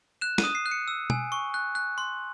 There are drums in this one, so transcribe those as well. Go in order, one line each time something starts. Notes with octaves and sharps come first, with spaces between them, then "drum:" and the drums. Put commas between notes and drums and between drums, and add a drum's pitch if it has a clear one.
F#6 E7
D#7, drum: snare
D#6
C7
F#6
C#7
E6
G#5, drum: tom
C#6
F#6
F#6
C6